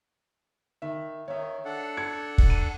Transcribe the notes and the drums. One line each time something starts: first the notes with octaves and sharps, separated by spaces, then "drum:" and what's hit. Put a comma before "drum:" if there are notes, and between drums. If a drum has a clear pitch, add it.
D#3 E5
D#3 C#5 E5
D4 A4 F#5
G#6 C#7
drum: kick
D#7